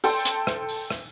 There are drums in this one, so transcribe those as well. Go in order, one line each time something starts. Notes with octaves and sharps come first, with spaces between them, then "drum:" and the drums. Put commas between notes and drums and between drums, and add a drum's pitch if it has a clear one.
A4 G5 C6, drum: open hi-hat
drum: hi-hat
drum: rim click
drum: open hi-hat
drum: rim click